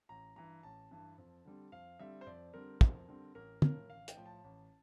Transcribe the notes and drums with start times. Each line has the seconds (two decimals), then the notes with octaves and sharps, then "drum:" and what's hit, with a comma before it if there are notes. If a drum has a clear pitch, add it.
0.09 A1 A#5
0.36 G2 E3 A#5
0.63 A1 A5
0.91 G2 E3
1.18 F2
1.45 D3 G3 C4
1.72 F2 F5
1.99 D3 G3 C4 E5
2.21 C5
2.26 F2 D5
2.54 D3 G3 C4 A#4
2.81 F2, drum: kick
3.08 D3 G3 C4
3.35 A1 A#4
3.62 A2 F3 A#4, drum: tom
3.90 A1 F5
4.08 G5, drum: hi-hat
4.17 A2 F3
4.26 A5
4.44 A1